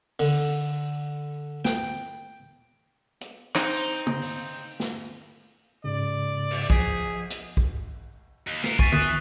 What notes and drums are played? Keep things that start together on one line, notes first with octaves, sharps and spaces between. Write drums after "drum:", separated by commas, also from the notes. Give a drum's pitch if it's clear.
D3, drum: open hi-hat
G5, drum: snare
drum: hi-hat
C4 D#4, drum: clap
drum: tom
drum: open hi-hat
drum: snare
G#2 C#3 D5
drum: cymbal
F3 G#4 B6, drum: kick
drum: hi-hat
drum: kick
D#2
B3 A#4 C7, drum: snare
E3 G#5 C#6 A6 B6, drum: kick
D#6 F#6 A6, drum: tom D3